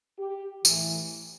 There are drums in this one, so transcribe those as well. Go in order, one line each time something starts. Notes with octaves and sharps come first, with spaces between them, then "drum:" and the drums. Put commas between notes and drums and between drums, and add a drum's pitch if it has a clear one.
G4
A2 E3, drum: tambourine